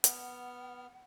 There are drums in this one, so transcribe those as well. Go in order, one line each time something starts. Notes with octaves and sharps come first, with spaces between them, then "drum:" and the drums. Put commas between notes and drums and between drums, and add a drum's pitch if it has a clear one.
B3 F#5 F6, drum: hi-hat